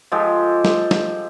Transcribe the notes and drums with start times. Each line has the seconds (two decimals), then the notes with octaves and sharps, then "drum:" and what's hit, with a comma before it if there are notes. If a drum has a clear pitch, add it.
0.12 F3 G#3 G4 A4
0.65 drum: snare
0.91 drum: snare